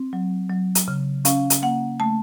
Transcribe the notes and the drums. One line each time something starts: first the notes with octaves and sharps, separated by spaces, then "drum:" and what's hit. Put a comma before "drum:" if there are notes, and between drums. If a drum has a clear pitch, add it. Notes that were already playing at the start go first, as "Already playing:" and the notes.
Already playing: C4
F#3
F#3
drum: hi-hat
C#3
C#4 F5, drum: hi-hat
drum: hi-hat
A#3 F#5
A3 A5